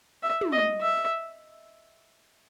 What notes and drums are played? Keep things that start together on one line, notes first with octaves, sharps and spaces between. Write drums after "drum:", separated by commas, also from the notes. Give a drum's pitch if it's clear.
E5
drum: tom
D#5
E5